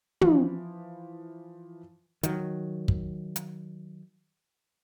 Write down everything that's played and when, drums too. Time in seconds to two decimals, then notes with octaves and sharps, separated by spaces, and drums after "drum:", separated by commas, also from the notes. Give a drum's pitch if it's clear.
0.21 E3 F3, drum: tom
2.23 D#3 F#3, drum: hi-hat
2.88 drum: kick
3.36 drum: hi-hat